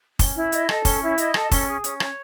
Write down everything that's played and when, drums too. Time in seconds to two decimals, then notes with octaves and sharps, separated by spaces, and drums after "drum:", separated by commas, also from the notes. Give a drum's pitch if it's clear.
0.19 C#4, drum: kick, open hi-hat
0.35 E4
0.52 D#5, drum: hi-hat
0.69 A4, drum: rim click
0.85 C#4, drum: kick, open hi-hat
1.02 E4
1.18 D#5, drum: hi-hat
1.34 A4, drum: rim click
1.51 C#4, drum: kick, open hi-hat
1.67 G#4
1.84 C#4, drum: hi-hat
2.00 C#5, drum: rim click